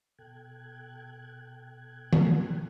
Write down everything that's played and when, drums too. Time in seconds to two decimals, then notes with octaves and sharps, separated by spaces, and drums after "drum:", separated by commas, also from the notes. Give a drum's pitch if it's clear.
0.18 B2 A4 G5 F#6 G#6
2.13 drum: tom D#3